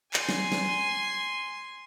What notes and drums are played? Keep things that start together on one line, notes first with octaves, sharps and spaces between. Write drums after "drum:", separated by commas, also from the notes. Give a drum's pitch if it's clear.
G#5 C6, drum: clap
drum: snare
drum: snare